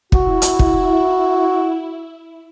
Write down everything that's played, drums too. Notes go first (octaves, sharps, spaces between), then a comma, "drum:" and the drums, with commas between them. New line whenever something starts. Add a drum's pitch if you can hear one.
E4 F#4, drum: kick
drum: hi-hat
drum: kick